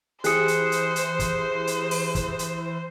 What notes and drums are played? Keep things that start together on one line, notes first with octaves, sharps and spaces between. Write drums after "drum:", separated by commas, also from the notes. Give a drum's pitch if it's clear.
E3 G4 G#4 C5 D#6 F#6 C7 C#7, drum: hi-hat
drum: hi-hat
drum: hi-hat
drum: hi-hat
drum: kick, hi-hat
drum: hi-hat
drum: open hi-hat
drum: kick, hi-hat
drum: hi-hat